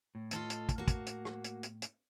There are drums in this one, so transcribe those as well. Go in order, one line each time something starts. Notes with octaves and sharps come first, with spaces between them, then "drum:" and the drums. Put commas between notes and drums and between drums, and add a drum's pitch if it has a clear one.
A2
F4 A4 D#5, drum: hi-hat
drum: hi-hat
drum: kick, hi-hat
A#3 F#4
drum: kick, hi-hat
drum: hi-hat
drum: rim click
drum: hi-hat
drum: hi-hat
drum: hi-hat